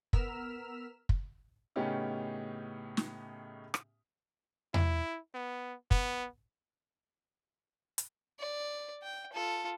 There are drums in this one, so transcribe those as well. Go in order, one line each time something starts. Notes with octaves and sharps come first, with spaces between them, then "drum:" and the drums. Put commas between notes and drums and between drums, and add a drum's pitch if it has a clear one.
B3 A#4 E6 F6 B6 E7, drum: kick
drum: kick
A2 C#3 B3 C#4 D#4 G4
drum: snare
drum: rim click
E4, drum: tom E2
B3
B3, drum: kick
drum: hi-hat
D5
G5
F4 A4